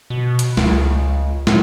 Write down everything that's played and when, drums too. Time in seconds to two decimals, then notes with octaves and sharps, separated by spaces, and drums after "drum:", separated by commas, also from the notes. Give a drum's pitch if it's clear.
0.10 B2
0.39 drum: hi-hat
0.57 C#2, drum: snare
1.47 A2, drum: snare